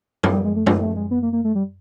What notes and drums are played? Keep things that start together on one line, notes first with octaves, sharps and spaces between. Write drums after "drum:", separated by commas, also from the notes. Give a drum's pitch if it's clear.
F#3, drum: tom
G3
G#3
A3
G#3, drum: tom
A3
G#3
B3
A#3
A#3
A3
G3